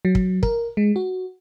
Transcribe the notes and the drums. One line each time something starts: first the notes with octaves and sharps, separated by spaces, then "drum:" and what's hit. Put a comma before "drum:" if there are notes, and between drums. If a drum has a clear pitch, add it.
F#3
drum: kick
A#4, drum: kick
G#3
F#4